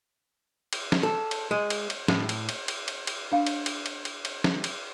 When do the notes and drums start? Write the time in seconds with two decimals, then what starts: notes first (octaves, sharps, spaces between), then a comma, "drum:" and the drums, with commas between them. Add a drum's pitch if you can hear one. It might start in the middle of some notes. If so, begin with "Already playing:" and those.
0.73 drum: cymbal
0.92 drum: snare
1.03 A4
1.31 drum: cymbal
1.51 G#3
1.70 drum: cymbal
1.90 drum: cymbal
2.08 A2, drum: snare
2.29 drum: cymbal
2.49 drum: cymbal
2.68 drum: cymbal
2.88 drum: cymbal
3.07 drum: cymbal
3.32 D4 F5
3.47 drum: cymbal
3.66 drum: cymbal
3.86 drum: cymbal
4.05 drum: cymbal
4.25 drum: cymbal
4.44 drum: snare
4.64 drum: cymbal